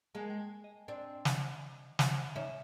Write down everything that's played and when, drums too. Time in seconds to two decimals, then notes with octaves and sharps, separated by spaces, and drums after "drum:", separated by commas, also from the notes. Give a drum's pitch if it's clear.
0.15 G#3 A#3 A5
0.30 G5
0.40 G#5
0.64 D#5
0.88 C4 D4
1.25 drum: snare
1.99 drum: snare
2.35 C#4 D#4 E5